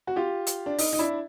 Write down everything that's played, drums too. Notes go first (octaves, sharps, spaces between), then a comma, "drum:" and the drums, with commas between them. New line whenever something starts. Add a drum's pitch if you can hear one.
F#4
F4 G4
drum: hi-hat
D4
D#4, drum: open hi-hat
D#4
D4 E4